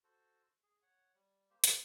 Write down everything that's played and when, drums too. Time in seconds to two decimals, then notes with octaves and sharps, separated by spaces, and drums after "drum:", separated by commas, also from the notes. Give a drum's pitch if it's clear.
0.04 F#4 A4 C5
0.63 G#4
0.82 C#5 F#5
1.15 G3
1.50 A#3 G4 C5
1.64 D#5, drum: hi-hat